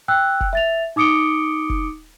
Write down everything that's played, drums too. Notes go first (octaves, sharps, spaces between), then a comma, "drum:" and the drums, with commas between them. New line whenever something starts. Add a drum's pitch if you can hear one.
G5 E6 F#6
drum: kick
E5 A6 F7
D#4 D6 D#6 C#7 D7 G7
drum: kick